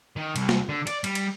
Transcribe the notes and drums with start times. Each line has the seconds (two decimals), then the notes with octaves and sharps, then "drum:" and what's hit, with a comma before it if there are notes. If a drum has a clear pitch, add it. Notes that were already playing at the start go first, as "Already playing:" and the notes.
0.16 D#3
0.36 C2, drum: cymbal
0.49 drum: snare
0.69 D3
0.87 D5, drum: cymbal
1.04 G3, drum: cymbal
1.15 drum: cymbal